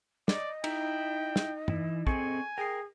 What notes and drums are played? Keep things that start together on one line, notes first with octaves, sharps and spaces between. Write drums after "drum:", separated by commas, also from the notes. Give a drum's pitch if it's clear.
D5 D#5, drum: snare
D#4 E4 G5, drum: cymbal
drum: snare
E3 E4, drum: tom G2
C4 G#4 A4 G#5 C#6, drum: kick
G#4 A#4 G5 C7